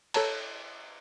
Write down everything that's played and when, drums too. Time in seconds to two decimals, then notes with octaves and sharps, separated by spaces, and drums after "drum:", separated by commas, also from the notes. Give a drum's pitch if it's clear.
0.14 A4 C#5 A5 A#5, drum: cymbal